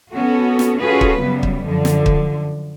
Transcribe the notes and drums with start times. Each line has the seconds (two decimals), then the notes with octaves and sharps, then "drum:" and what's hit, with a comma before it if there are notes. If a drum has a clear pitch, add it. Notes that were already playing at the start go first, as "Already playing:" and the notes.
0.12 B3 C#4 F#4 A4
0.59 drum: snare
0.81 C#4 F4 F#4 G#4 A4 B4
1.01 drum: kick
1.22 F#2 C#3 F#3 G3 B3
1.43 drum: kick
1.66 F#2 D3 F3
1.85 drum: snare
2.06 drum: kick